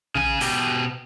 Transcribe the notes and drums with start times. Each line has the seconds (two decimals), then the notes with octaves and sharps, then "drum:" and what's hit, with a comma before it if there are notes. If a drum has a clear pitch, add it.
0.15 C#3 G#5, drum: tom
0.41 B2 G4, drum: open hi-hat